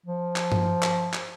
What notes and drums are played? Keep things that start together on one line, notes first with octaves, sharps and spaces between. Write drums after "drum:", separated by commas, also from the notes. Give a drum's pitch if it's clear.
F3
drum: clap
drum: tom G2
drum: clap
drum: clap